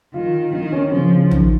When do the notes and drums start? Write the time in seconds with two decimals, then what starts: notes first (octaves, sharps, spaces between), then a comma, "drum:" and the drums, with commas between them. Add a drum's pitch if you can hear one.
0.14 D#3 F4
0.53 D#3 D#4
0.72 C#4
0.92 C#3 F3
1.12 C#3
1.31 D#3, drum: tom